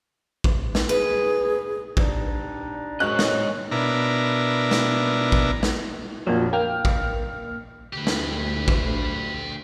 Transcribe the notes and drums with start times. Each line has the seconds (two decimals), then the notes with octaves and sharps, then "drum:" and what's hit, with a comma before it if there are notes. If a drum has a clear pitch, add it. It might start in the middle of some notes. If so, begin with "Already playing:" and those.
0.44 drum: kick A1
0.75 drum: snare
0.89 G#4 B4
1.97 G3 D4 D#4, drum: kick A1
3.00 F#3 G#3 C#4 F#4 G#4 C5 D#5 F#6
3.19 drum: snare
3.71 B2 D4 E4 A#4
4.71 drum: snare
5.32 drum: kick A1
5.63 drum: snare
6.27 A#1 F2 A#2 F#3
6.53 A#3 G5 F6
6.85 drum: kick A1
7.93 D2 G4 B4
8.07 drum: snare
8.68 drum: kick A1